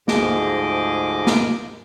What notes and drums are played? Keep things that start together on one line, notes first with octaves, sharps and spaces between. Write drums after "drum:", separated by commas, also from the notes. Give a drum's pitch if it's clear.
D2 G#2 F3 G#4 D#5 D6, drum: snare
drum: snare